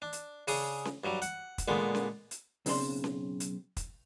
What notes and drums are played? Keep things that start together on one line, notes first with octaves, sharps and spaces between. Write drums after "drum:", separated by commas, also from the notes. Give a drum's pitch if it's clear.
D4
drum: hi-hat
C#3 D4 G#4 D#6, drum: open hi-hat
drum: snare C#4
G2 F#3 G3
F#5, drum: hi-hat
drum: kick, hi-hat
A#2 D3 G#3 B3
drum: snare C#4
drum: hi-hat
B1 F#2 C#3 C4 D5 C6, drum: open hi-hat
drum: snare C#4
drum: hi-hat
drum: kick, hi-hat